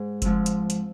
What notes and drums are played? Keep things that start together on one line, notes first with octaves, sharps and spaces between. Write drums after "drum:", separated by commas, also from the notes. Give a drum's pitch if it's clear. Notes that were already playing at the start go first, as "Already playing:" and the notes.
Already playing: G#2 G#4
G#2 F3 G#3 C4, drum: kick F#1, hi-hat
drum: hi-hat
drum: hi-hat